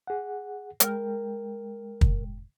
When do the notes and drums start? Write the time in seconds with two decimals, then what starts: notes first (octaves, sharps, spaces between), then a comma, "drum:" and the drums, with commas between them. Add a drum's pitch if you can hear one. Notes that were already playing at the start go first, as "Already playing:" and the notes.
0.07 G#4 F#5
0.80 G#3 A#4 G5, drum: hi-hat
2.01 drum: kick